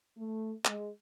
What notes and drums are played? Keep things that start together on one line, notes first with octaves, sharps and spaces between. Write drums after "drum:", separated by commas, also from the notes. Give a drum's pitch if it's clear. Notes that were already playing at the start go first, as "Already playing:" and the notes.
A3
G#3, drum: clap